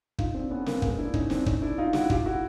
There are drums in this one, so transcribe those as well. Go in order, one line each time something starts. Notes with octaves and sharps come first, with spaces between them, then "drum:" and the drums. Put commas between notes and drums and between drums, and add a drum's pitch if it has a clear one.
D#4 F4, drum: kick
C4 D4
B3 C#4
A#3 C4, drum: snare
G#3 A#3, drum: kick
D4 E4
C#4 D#4, drum: kick
C4 D4, drum: snare
C#4 D#4, drum: kick
D4 E4
D#4 F4
E4 F#4, drum: snare
F4 G4, drum: kick
E4 F#4